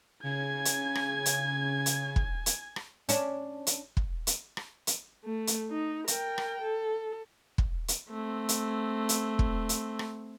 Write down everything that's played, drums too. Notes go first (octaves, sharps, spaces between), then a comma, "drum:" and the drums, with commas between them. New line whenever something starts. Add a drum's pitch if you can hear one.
C#3 G#5 G#6
drum: hi-hat
drum: rim click
drum: hi-hat
drum: hi-hat
drum: kick
drum: hi-hat
drum: rim click
C#4 D4, drum: hi-hat
drum: hi-hat
drum: kick
drum: hi-hat
drum: rim click
drum: hi-hat
A3
drum: hi-hat
D#4
A#4 G5, drum: hi-hat
drum: rim click
A4
drum: kick
drum: hi-hat
A3 C4
drum: hi-hat
drum: hi-hat
drum: kick
drum: hi-hat
drum: rim click